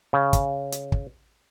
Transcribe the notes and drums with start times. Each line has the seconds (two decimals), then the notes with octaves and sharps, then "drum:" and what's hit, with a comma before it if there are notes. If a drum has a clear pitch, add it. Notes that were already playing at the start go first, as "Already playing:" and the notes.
0.13 C#3
0.33 drum: kick, hi-hat
0.72 drum: hi-hat
0.92 drum: kick